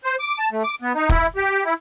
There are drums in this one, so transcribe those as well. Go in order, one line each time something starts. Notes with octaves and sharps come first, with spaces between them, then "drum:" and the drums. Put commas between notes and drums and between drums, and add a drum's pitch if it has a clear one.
C5
D6
A5
A3
D6
B3
D#4
E4, drum: kick
G4
E4